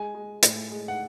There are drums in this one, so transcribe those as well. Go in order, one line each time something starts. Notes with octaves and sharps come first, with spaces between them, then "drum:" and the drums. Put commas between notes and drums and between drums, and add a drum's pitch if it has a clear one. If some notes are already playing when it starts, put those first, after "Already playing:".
Already playing: G#3 G#5
G#3
A2, drum: hi-hat
G#3
F#5